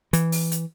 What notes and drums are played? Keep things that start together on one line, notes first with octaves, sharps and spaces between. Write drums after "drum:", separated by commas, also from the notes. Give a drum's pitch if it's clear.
E3, drum: hi-hat
drum: open hi-hat
drum: hi-hat